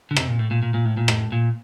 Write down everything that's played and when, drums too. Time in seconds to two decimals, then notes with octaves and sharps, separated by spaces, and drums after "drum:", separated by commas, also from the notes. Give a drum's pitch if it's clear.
0.11 D3
0.16 C3, drum: rim click
0.28 A#2
0.39 A2
0.51 A#2
0.63 A#2
0.74 A#2
0.85 A2
0.97 A#2
1.08 A2, drum: rim click
1.32 A#2